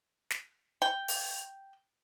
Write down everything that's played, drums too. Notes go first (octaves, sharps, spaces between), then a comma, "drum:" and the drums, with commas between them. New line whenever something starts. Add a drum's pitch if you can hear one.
drum: snare
G5
drum: open hi-hat